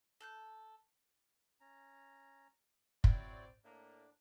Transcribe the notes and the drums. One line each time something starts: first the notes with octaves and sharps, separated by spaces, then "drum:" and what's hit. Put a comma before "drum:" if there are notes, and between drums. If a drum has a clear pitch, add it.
A4 F#6 G6
C#4 A#5
C4 E4 F#4 C#5 D5, drum: kick
A2 A#3 D4